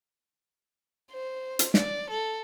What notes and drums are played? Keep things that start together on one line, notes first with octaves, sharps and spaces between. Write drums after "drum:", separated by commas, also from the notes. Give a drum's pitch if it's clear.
C5
drum: hi-hat
D5, drum: snare
A4